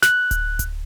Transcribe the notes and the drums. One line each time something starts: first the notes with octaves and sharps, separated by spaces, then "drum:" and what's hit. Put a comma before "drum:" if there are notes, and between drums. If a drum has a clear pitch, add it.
F#6, drum: snare
drum: kick D1, hi-hat
drum: kick D1, hi-hat